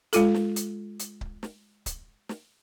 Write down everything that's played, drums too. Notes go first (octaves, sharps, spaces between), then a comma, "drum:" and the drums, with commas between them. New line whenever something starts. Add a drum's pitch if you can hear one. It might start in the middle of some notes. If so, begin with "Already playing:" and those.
G#3 F4 A4, drum: hi-hat
drum: snare
drum: hi-hat
drum: hi-hat
drum: kick C#1
drum: snare
drum: kick C#1, hi-hat
drum: snare